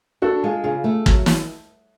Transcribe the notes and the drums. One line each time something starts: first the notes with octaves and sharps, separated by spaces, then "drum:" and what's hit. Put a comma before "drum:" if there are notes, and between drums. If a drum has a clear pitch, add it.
D4 F#4 A4
G#3 F4 G#4
C#3 F4 G#4
A3
F#3, drum: kick
drum: snare